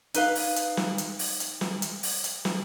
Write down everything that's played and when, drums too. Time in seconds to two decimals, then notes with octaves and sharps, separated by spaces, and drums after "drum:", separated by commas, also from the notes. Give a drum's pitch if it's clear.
0.14 D#4 B4 F5, drum: hi-hat
0.35 drum: open hi-hat
0.56 drum: hi-hat
0.77 drum: snare
0.98 drum: hi-hat
1.19 drum: open hi-hat
1.40 drum: hi-hat
1.61 drum: snare
1.82 drum: hi-hat
2.03 drum: open hi-hat
2.24 drum: hi-hat
2.45 drum: snare